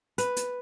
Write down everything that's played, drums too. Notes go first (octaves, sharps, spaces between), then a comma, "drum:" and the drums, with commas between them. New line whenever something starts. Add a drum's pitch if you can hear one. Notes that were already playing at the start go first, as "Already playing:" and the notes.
B4, drum: hi-hat
drum: hi-hat